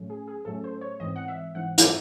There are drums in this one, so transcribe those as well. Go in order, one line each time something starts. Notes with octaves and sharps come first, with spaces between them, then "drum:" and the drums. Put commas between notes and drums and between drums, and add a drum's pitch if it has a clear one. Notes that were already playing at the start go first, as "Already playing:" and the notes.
Already playing: A2 F#3 A3 C#4
G#4
G#4
A2 F#3 A3 C#4 A4
C5
C#5
G#2 E3 C4 D#5
F#5
E5
G#2 E3 C4 F#5
F#5, drum: hi-hat
E5